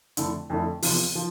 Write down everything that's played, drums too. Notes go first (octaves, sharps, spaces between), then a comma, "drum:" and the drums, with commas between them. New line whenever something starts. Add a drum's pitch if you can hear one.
F2 D3 A3 E4 A4, drum: hi-hat
F2 D3 A3 E4 A4
E2 C3 F3, drum: open hi-hat
F3